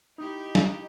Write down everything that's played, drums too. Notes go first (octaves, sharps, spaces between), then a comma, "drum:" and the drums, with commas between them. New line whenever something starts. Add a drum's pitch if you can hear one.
D#4 E4 G4
drum: snare